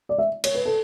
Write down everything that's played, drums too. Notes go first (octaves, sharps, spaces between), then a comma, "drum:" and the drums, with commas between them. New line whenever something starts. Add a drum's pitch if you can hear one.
D5
E5
C#5, drum: cymbal
B4
A4